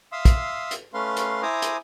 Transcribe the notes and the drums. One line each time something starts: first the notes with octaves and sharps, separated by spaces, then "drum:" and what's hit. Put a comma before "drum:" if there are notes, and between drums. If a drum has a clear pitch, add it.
E5 F5 C6 D#6 E6
drum: kick, hi-hat
drum: hi-hat
A3 C#4 B4 F5 C6
drum: hi-hat
E4 C5 G#5 A#5 D6 D#6
drum: hi-hat